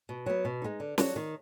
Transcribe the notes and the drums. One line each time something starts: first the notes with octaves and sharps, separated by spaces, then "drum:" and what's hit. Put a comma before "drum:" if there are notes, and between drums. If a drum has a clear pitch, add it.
B2
F#3 B3
B2
G#3 B3 D#4
D3
F#3 D4 F#4, drum: snare
D#3